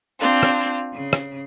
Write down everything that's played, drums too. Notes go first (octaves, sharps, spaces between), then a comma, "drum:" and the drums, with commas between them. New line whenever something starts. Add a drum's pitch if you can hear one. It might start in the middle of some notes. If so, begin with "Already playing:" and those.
C4 D4 F4
drum: rim click
C#3
drum: rim click